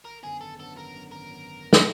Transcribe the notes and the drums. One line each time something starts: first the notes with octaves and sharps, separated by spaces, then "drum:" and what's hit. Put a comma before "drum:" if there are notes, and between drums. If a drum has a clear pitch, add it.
G#1 A#4
F#2 D3 F#3 B3 G#4
G#1 A4
F#2 D3 F#3 B3 A4
G#1 A#4
F#2 D3 F#3 B3
G#1 A#4
D3 F#3 B3
drum: snare